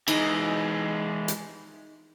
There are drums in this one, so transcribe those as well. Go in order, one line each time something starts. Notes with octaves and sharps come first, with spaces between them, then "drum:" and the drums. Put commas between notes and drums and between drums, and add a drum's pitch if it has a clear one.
E3 G#3 D#4, drum: cymbal
drum: hi-hat